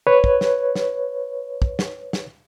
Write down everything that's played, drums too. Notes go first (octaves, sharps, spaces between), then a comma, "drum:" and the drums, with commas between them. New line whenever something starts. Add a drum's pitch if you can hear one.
B4 C#5
drum: kick
drum: snare
drum: snare
drum: kick
drum: snare
drum: snare